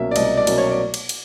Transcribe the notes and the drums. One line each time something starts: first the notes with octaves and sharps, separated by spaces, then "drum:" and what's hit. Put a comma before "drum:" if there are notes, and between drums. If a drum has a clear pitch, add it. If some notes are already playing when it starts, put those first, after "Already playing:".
Already playing: C2 B2 F#3 A#3 C#4 E5
D5
C2 D#5, drum: cymbal
D5
B2 F#3 A#3 C#4, drum: cymbal
C#5
D5
drum: cymbal
drum: cymbal